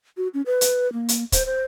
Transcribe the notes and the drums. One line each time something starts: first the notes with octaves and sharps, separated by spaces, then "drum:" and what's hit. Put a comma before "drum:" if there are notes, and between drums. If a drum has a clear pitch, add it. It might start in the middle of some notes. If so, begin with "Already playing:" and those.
F#4
C#4
B4
drum: hi-hat
A#3
drum: hi-hat
C5, drum: kick, hi-hat
C5